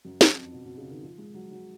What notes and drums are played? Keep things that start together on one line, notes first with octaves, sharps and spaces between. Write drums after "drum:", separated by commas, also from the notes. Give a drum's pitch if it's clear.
F#2
F2, drum: snare
F2
B2
B2
C#3
D#3
F3
G#3
F#3
F#3